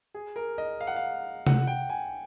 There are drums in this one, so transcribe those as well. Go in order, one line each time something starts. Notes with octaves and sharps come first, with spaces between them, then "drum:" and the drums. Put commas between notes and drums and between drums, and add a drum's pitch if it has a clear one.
G#4
A#4
D#5
F5
F#5
F5
F#5, drum: tom C3
G5
G#5